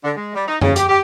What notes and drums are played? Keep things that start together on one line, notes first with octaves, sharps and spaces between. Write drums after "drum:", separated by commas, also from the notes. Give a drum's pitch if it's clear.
D3
G#3
G3
D#4
C#3, drum: tom F#2
G4, drum: hi-hat
G4